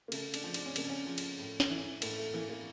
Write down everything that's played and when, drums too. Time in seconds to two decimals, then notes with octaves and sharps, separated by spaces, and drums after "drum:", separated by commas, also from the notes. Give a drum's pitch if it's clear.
0.08 A#3
0.12 C#3 A3, drum: cymbal
0.34 D4, drum: cymbal
0.44 F3
0.54 D4, drum: cymbal
0.66 C#4
0.76 C#3 A#3, drum: cymbal
0.90 C#4
1.07 F3
1.18 drum: cymbal
1.39 A2
1.60 drum: snare
1.70 E3
2.02 A2 A#3, drum: cymbal
2.18 A3
2.34 E3 A#3
2.50 A#3